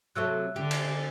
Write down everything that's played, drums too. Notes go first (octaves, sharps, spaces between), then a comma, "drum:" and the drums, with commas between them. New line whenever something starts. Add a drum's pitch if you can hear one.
C3 F#3 A3 E5 E6 F#6
D3 G4
drum: cymbal